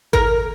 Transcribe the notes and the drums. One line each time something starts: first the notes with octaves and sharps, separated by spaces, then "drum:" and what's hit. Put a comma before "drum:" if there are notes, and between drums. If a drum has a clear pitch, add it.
A#4, drum: kick G#1